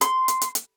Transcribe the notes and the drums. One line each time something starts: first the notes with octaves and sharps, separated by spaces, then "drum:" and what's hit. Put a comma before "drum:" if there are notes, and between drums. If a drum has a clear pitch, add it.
C6, drum: hi-hat
drum: hi-hat
drum: hi-hat
drum: hi-hat